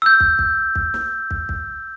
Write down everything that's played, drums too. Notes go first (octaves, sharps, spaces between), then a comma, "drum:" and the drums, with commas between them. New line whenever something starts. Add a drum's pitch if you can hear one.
E6 G6
drum: kick
drum: kick
drum: kick
drum: snare
drum: kick
drum: kick